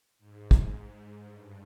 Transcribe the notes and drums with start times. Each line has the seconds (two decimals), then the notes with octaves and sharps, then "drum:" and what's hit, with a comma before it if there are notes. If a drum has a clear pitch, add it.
0.18 G#2
0.51 drum: kick
1.25 G2